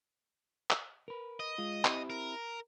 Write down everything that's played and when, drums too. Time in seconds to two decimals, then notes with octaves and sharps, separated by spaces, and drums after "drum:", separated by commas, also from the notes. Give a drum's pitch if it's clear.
0.70 drum: clap
1.08 A#4 B4
1.40 D#5
1.58 G#3 F4
1.85 C4 E4 G4, drum: clap
2.10 A#4